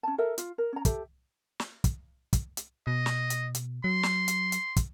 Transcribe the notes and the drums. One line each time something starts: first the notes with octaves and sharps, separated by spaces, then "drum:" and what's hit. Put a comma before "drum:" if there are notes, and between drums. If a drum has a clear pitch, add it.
C#4 A5
A4 A#4 E5
F4, drum: hi-hat
A#4
C#4 A#5
G4 A4 E5, drum: kick, hi-hat
drum: snare
drum: kick, hi-hat
drum: kick, hi-hat
drum: hi-hat
B2 D#5
drum: snare
drum: hi-hat
drum: hi-hat
F#3 C6
drum: snare
drum: hi-hat
drum: hi-hat
drum: kick, hi-hat